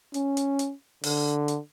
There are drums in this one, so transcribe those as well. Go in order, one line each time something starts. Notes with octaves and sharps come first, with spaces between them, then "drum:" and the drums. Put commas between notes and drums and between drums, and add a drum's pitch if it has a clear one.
C#4, drum: hi-hat
drum: hi-hat
drum: hi-hat
D3, drum: open hi-hat
drum: hi-hat